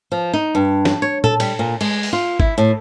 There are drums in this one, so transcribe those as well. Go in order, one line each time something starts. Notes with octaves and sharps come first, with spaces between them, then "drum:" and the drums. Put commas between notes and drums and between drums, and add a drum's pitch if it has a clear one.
F3
D#4
G2
drum: snare
C#5
A4, drum: tom A#2
G3, drum: cymbal
A#2
G#3, drum: cymbal
drum: open hi-hat
F4
E4, drum: kick G#1
A2